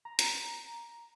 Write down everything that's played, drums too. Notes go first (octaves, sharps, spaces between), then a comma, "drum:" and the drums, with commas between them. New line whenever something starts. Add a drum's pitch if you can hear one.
A#5
drum: hi-hat